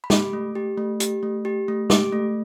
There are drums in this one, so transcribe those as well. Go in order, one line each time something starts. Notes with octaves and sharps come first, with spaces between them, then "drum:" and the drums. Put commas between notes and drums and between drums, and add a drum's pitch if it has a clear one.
B5
G4 D6, drum: snare
A3
G4
A3
G4, drum: hi-hat
A3
G4
A3
G4 D6, drum: snare
A3